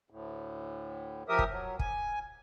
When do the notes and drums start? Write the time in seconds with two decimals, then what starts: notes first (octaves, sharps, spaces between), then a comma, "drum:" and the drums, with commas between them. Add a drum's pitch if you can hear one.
0.10 D2 A2
1.29 F3 G4 A#4 E5 D#6
1.39 drum: kick
1.50 F#3
1.79 G#5, drum: kick